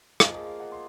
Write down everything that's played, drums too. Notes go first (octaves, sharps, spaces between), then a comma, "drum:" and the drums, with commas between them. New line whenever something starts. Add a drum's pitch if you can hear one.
F3 A#3 F4 G#4 D#5, drum: rim click
D#5
F5
D#5 F#5
C6